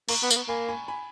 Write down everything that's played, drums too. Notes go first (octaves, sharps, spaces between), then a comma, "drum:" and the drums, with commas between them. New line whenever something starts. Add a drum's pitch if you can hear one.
A#3 A#5 C#6, drum: cymbal
B3
A#3, drum: tambourine
B3
A#3 G#5 B5
G#5 B5
G#5 B5